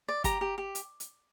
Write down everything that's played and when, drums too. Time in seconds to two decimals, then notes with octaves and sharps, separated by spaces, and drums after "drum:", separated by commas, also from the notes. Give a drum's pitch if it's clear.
0.08 D5
0.24 G4 A#5, drum: kick, hi-hat
0.41 G4
0.58 G4
0.75 drum: hi-hat
1.00 drum: hi-hat